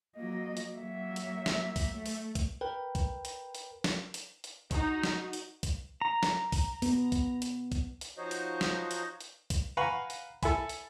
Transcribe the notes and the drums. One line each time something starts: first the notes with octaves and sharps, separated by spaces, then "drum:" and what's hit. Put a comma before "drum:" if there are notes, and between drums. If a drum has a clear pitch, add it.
F#3 A#3 D#5
drum: hi-hat
F#3 A#3 E5
drum: hi-hat
drum: snare
drum: kick, open hi-hat
A3
drum: open hi-hat
drum: kick, hi-hat
A#4 B4 G5
drum: kick, hi-hat
drum: hi-hat
drum: hi-hat
drum: snare
drum: hi-hat
drum: hi-hat
D#4 F#4, drum: kick, hi-hat
drum: snare
drum: hi-hat
drum: kick, hi-hat
A#5
drum: snare
drum: kick, open hi-hat
B3, drum: open hi-hat
drum: kick, hi-hat
drum: hi-hat
drum: kick, hi-hat
drum: hi-hat
F3 D#4 F#4 C5 C#5 D#5
drum: hi-hat
drum: snare
drum: hi-hat
drum: hi-hat
drum: kick, hi-hat
B4 F5 F#5 G#5 A#5 C#6
drum: hi-hat
A4 E5 G#5 B5, drum: kick, hi-hat
drum: hi-hat